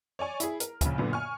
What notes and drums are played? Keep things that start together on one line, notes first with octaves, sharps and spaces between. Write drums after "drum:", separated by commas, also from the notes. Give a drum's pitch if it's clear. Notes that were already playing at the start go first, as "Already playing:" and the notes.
C#5 D5 G#5 C#6
E4 G#4, drum: hi-hat
A#4, drum: hi-hat
A#1 C#3, drum: kick D2, hi-hat
F#2 A#2 D3 B3
G#5 C#6 F6